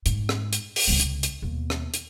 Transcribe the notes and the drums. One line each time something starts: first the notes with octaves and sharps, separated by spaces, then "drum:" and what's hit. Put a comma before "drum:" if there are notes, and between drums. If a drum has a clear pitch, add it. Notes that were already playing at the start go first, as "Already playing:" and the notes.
G#2, drum: hi-hat
drum: rim click
drum: hi-hat
drum: open hi-hat
C#2 C3
drum: hi-hat
drum: hi-hat
D#2 B2
drum: rim click
drum: hi-hat